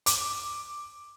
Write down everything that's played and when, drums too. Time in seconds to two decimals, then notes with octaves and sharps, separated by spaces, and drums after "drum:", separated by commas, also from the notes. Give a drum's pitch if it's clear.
0.06 D6, drum: hi-hat